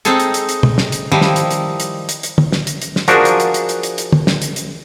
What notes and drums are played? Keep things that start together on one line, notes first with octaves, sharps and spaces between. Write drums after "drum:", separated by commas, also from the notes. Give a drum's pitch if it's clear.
G#3 C4 D#4 G#4 A4, drum: hi-hat
drum: hi-hat
drum: hi-hat
drum: hi-hat
drum: tom
drum: snare
drum: hi-hat
D#3 F3 G3 D#4 E4
drum: snare
drum: hi-hat
drum: hi-hat
drum: hi-hat
drum: hi-hat
drum: hi-hat
drum: tom
drum: snare
drum: hi-hat
drum: hi-hat
drum: snare
F3 D4 F#4 G#4 A#4, drum: hi-hat
drum: hi-hat
drum: hi-hat
drum: hi-hat
drum: hi-hat
drum: hi-hat
drum: hi-hat
drum: tom
drum: snare
drum: hi-hat
drum: hi-hat